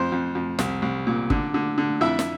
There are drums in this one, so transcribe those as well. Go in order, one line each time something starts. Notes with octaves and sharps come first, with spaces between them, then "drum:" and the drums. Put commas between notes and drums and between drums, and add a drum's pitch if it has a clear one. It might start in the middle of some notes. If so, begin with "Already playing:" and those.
Already playing: F2 C5 C6
F2
F2
C2, drum: snare
C2
A#2
D3, drum: kick
D3
D3
F2 E4 E5
drum: snare